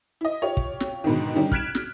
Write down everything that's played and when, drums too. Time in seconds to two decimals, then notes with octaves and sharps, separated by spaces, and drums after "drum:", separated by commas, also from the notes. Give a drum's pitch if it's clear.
0.21 E4 D#5
0.42 F4 G4 C#5
0.57 drum: kick
0.80 drum: snare
1.04 G#2 B2 D3 D#3
1.35 D3 D#3 G3 C#4 D#4 G4
1.52 F6 F#6 G#6 B6 D7 E7, drum: kick
1.75 drum: snare